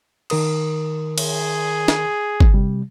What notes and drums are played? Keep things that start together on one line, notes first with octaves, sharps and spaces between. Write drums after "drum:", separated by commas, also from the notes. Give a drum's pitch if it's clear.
D#3 A#4 D#6, drum: cymbal
G#4, drum: cymbal
drum: snare
drum: kick G1
C3 G3